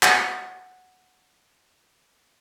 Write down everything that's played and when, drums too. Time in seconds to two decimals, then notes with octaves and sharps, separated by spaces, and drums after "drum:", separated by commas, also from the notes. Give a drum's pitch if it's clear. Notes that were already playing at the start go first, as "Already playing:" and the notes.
0.03 F#5 G#5, drum: clap